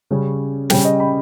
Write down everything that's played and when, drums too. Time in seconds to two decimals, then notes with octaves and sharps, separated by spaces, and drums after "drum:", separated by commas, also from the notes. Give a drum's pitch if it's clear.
0.11 C#3 G3 C#4
0.70 C#3 G3 C#4 G5, drum: snare
0.85 D#5
1.00 B5